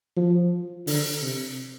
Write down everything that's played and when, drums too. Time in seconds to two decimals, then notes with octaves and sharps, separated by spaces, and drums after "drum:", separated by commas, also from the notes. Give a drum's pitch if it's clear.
0.16 F3
0.87 D3, drum: open hi-hat
1.22 C3